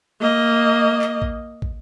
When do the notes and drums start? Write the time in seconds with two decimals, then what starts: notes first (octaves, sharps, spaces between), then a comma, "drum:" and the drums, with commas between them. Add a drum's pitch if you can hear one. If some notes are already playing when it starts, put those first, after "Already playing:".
0.21 A#3 D#5
1.02 drum: clap
1.22 drum: kick
1.62 drum: kick